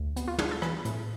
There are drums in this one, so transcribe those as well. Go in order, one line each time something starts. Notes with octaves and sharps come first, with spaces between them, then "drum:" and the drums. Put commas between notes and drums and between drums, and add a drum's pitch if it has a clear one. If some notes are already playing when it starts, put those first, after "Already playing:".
Already playing: D2
B3, drum: hi-hat
F4
D4 G#4, drum: tom
A4
E3 G#4 B4, drum: rim click
A2, drum: hi-hat